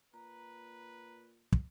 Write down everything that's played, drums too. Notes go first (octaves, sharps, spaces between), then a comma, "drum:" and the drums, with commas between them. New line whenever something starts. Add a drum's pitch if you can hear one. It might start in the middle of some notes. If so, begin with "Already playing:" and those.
A#2 B4 A#5
drum: kick